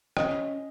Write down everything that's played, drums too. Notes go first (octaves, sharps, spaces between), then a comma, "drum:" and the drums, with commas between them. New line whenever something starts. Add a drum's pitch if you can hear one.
C#4 D#5, drum: rim click